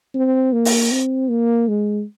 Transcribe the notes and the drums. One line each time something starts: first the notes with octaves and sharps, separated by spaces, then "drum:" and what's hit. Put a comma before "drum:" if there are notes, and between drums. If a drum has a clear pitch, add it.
C4
A#3
drum: open hi-hat
C4
A#3
G#3